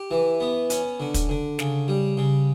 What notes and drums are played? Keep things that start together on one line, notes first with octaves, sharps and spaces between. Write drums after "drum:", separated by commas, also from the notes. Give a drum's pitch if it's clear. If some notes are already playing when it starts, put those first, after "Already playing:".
Already playing: G4
E3
B3
C#4, drum: hi-hat
D3
drum: kick, hi-hat
D3
C#3, drum: snare
G3
C#3